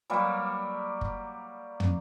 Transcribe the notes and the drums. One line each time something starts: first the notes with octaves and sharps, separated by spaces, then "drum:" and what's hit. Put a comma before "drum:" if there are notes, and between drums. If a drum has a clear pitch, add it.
F#3 G3 A#3
drum: kick
drum: tom